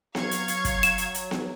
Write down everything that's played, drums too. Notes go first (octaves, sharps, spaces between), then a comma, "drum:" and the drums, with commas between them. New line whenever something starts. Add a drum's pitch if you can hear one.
F#3 F5 C#6 G#6, drum: snare B3
drum: hi-hat
drum: hi-hat
drum: kick, hi-hat
E7, drum: hi-hat
drum: hi-hat
drum: hi-hat
drum: snare B3